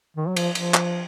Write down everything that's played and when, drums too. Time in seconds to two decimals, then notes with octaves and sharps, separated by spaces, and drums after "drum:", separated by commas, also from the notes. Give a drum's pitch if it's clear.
0.17 D#3
0.28 F#3
0.37 F3, drum: cymbal
0.55 F3, drum: cymbal
0.74 drum: clap